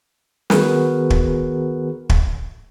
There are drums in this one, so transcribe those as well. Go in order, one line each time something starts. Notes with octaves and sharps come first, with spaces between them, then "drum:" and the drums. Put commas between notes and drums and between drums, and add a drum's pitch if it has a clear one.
D#3 B3 F#4 G#4 A#4 B4, drum: snare
drum: kick
drum: kick